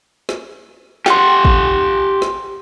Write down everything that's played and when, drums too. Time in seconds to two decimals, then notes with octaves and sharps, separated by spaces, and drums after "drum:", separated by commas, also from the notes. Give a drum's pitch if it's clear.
0.29 drum: snare
1.06 G4 F#5 G5 C6, drum: snare
1.45 drum: kick
2.22 drum: snare